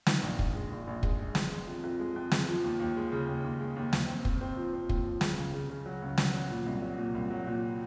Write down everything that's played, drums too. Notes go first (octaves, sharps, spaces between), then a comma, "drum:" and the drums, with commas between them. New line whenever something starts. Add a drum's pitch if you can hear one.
D#3, drum: snare
A#1
A#1, drum: kick
G#3
A#1
A#1
G#3, drum: kick
G#3
G#3, drum: snare
G#3
F2
F2
G#3
F2
G#3, drum: snare
F3
D#2
D#2
G#3
C#3
D#2
D#2
G#3
D#2
D#2, drum: snare
C4
C4, drum: kick
C4
F3
C4
D#2, drum: kick
F3
C#3, drum: snare
C#2
C#3
C#3
F#3
C#2
F#3, drum: snare
F#3
A#2
C2
F#3
A#2
C2
F#3
A#2